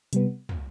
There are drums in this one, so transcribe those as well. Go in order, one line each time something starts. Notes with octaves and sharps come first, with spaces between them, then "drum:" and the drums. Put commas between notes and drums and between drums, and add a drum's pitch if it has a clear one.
C3 G3 B3, drum: hi-hat
drum: tom